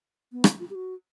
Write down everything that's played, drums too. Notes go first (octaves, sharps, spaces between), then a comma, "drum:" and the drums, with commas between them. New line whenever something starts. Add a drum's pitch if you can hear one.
B3
C4, drum: rim click
F4
G4
F#4